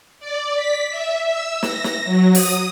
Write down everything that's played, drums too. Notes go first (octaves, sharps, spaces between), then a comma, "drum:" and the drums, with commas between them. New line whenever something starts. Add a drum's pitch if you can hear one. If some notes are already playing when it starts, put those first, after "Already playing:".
D5
B6
E5
E6
A#6, drum: snare
drum: snare
F#3
D#6, drum: open hi-hat